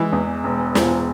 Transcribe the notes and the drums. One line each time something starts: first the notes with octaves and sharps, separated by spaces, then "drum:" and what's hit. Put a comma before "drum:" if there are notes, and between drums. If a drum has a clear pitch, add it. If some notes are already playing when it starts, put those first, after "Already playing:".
Already playing: E3 G#3
E2
E1
E1, drum: snare